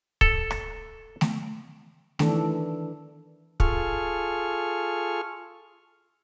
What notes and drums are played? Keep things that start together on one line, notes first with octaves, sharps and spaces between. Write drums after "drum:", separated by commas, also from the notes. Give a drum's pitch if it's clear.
A4, drum: kick
drum: rim click
drum: snare A3
D#3 E3 D4 A4, drum: snare A3
F4 G#4 A4 C#6 F6, drum: kick